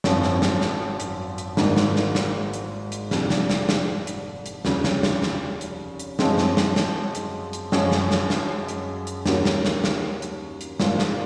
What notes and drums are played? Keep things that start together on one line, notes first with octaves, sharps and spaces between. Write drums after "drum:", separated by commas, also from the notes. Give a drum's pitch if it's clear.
G#1 F#2 F3 C4, drum: snare
drum: snare
drum: snare
drum: snare
drum: hi-hat
drum: hi-hat
G#1 G#2 D#3 A#3, drum: snare
drum: snare
drum: snare
drum: snare
drum: hi-hat
drum: hi-hat
F1 F2 C3, drum: snare
drum: snare
drum: snare
drum: snare
drum: hi-hat
drum: hi-hat
F1 D#2 C#3 F#3 C#4, drum: snare
drum: snare
drum: snare
drum: snare
drum: hi-hat
drum: hi-hat
F#2 F3 G#3 C4, drum: snare
drum: snare
drum: snare
drum: snare
drum: hi-hat
drum: hi-hat
F#2 F3 G#3 C#4 G#4, drum: snare
drum: snare
drum: snare
drum: snare
drum: hi-hat
drum: hi-hat
D#2 D#3 A#3 C#4 F#4, drum: snare
drum: snare
drum: snare
drum: snare
drum: hi-hat
drum: hi-hat
G#1 G#2 F3 A#3 F4, drum: snare
drum: snare